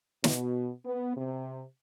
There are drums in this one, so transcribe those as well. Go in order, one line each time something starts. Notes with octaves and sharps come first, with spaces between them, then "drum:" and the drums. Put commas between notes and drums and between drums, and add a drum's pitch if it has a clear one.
B2, drum: snare
B3
C3